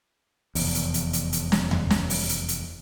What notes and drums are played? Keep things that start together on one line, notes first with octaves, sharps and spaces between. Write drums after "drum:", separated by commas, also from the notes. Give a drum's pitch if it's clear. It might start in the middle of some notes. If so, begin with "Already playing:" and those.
F1 E2, drum: open hi-hat
drum: hi-hat
drum: hi-hat
drum: hi-hat
drum: hi-hat
drum: snare
drum: tom D#2
drum: snare
drum: open hi-hat
drum: hi-hat
drum: hi-hat